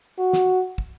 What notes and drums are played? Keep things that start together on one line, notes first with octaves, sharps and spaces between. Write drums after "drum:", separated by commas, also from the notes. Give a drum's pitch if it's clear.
F#4
drum: snare
drum: kick